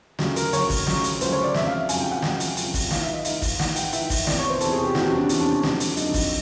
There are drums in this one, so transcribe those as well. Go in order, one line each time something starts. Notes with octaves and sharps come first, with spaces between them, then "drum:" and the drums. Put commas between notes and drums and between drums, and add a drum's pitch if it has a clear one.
D2 C#3 F#3 F#4, drum: snare
A#4, drum: hi-hat
D2 C#3 F#3 C#5, drum: hi-hat
drum: kick, open hi-hat
D2 C#3 F#3, drum: snare
drum: hi-hat
D2 C#3 F#3 C5, drum: hi-hat
C#5
D5
F2 C#3 F#3 E5, drum: snare
F5
F2 C#3 F#3 G#5, drum: hi-hat
G5
F#5
F2 C#3 F#3, drum: snare
drum: hi-hat
F2 C#3 F#3, drum: hi-hat
drum: kick, open hi-hat
G#2 E3 F5, drum: snare
E5
D#5
G#2 E3 F5, drum: hi-hat
drum: kick, open hi-hat
G#2 E3 F#5, drum: snare
G5, drum: hi-hat
G#2 E3 E5, drum: hi-hat
drum: kick, open hi-hat
E2 C3 E3 D5, drum: snare
C#5
C5
E2 C3 E3 A4, drum: hi-hat
G#4
G4
E2 C3 E3 F#4, drum: snare
C#4
D4
E2 C3 E3 C#4, drum: hi-hat
D4
C#4
F2 D3 F#3 D4, drum: snare
drum: hi-hat
F2 D3 F#3 D#4, drum: hi-hat
drum: kick, open hi-hat